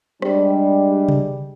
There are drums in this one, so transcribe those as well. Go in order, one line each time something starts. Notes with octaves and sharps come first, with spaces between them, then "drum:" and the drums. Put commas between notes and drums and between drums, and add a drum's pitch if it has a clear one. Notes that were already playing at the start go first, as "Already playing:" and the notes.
G3 G#3 D4, drum: rim click
drum: tom C3